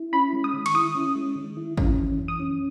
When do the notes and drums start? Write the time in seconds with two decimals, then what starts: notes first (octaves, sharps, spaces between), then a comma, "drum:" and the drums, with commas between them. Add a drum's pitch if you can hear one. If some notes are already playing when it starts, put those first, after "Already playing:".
Already playing: E4
0.13 C#4 B5
0.33 G#3
0.44 D#6
0.54 D#3
0.66 C#6, drum: cymbal
0.74 E4 D#6
0.95 C#4
1.15 G#3
1.36 D#3
1.57 E4
1.77 C#4, drum: kick G#1
1.98 E3
2.19 F#2
2.28 D#6
2.39 C#4